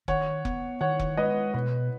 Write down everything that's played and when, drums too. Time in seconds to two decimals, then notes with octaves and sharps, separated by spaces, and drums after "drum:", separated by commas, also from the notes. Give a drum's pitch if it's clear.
0.08 D#3 C#5 F#5, drum: kick F1
0.45 B3, drum: kick F1
0.81 D#3 C#5 F#5
0.99 drum: kick F1
1.17 G#3 B4 D#5
1.54 B2 B4